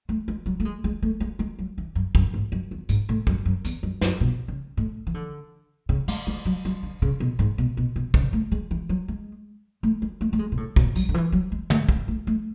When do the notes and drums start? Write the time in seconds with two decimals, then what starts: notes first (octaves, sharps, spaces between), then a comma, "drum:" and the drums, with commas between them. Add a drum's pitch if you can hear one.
0.09 A3
0.28 G#3
0.46 F#3
0.60 A3
0.65 G#3
0.84 G#3
1.02 A3
1.20 G#3
1.39 G#3
1.59 F#3
1.78 E3
1.95 F#2
2.15 F#2, drum: kick
2.34 G#2
2.52 F#2
2.71 E2
2.89 G#2, drum: tambourine
3.09 A2
3.27 F#2, drum: kick
3.45 F#2
3.65 E2, drum: tambourine
3.83 F#2
4.01 F#2, drum: snare
4.21 B2
4.48 C#3
4.77 A2
5.07 E3
5.14 D3
5.89 C#3
6.08 G#3, drum: cymbal
6.27 G#3
6.46 F#3
6.65 F#3, drum: hi-hat
6.83 D3
7.02 C#3
7.20 B2
7.39 G#2
7.58 B2
7.77 B2
7.96 B2
8.14 C#3, drum: kick
8.33 A3
8.52 G#3
8.71 E3
8.89 F#3
9.08 G#3
9.83 A3
10.02 G#3
10.21 A3
10.33 A3
10.39 G#3
10.52 B2
10.57 A2
10.76 B2, drum: kick
10.96 F#3, drum: tambourine
11.09 D3
11.14 E3
11.32 F#3
11.52 G#3
11.70 A3, drum: tom
11.89 G#3, drum: kick
12.08 A3
12.27 A3